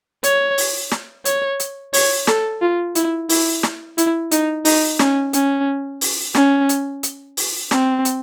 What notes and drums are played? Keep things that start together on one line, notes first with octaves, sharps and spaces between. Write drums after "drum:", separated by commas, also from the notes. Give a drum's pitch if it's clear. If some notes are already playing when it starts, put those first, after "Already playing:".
C#5, drum: hi-hat
drum: open hi-hat
drum: snare
C#5, drum: hi-hat
drum: hi-hat
C#5, drum: open hi-hat
A4, drum: snare
F4
E4, drum: hi-hat
E4, drum: open hi-hat
drum: snare
E4, drum: hi-hat
D#4, drum: hi-hat
D#4, drum: open hi-hat
C#4, drum: snare
C#4, drum: hi-hat
drum: open hi-hat
C#4, drum: snare
drum: hi-hat
drum: hi-hat
drum: open hi-hat
C4, drum: snare
drum: hi-hat